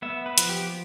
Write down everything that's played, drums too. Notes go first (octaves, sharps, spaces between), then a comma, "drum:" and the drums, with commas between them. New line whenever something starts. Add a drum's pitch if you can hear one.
B3 E5
B4
F3, drum: hi-hat
G4